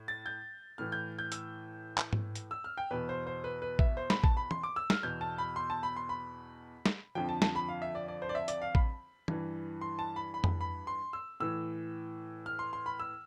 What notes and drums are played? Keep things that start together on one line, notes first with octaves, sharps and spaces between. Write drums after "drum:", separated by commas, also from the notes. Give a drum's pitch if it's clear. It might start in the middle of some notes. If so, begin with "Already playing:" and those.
Already playing: A2
A6
G6
A2 E3 F6
G6
G6
E6, drum: hi-hat
drum: clap
drum: tom G#2
drum: hi-hat
E6
F6
G5
E2 B2 B4
C5
C5
B4
B4
E5, drum: kick A1
C5
B5, drum: snare
A5, drum: kick A1
B5
C6, drum: tom
D6
E6
F6, drum: snare
E2 B2 G6
A5
B5
C6
A5
B5
C6
B5
drum: snare
F2 D3 F3 G5
A5
A5, drum: snare
B5
F5
E5
D5
D5
C5
D5
E5
D5, drum: hi-hat
F5
B5, drum: kick A1
G2 E3, drum: tom
C6
A5
B5
B5
drum: tom F2
B5
C6
E6
A2 E3 E6
F6
C6
C6
B5
E6